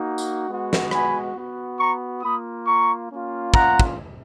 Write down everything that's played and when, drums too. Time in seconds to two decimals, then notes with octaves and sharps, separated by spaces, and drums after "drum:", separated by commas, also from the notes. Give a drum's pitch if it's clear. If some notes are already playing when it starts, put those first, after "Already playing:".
Already playing: A#3 D#4 F#4
0.18 drum: tambourine
0.48 G#3 B3 F#4
0.73 drum: snare
0.91 G#5 B5, drum: rim click
1.35 B3 F#4
1.79 A#5 C#6
2.22 A#3 F4 B5 D#6
2.67 A#5 C#6
3.10 A#3 C#4 F4
3.54 F#5 A#5, drum: kick
3.80 drum: kick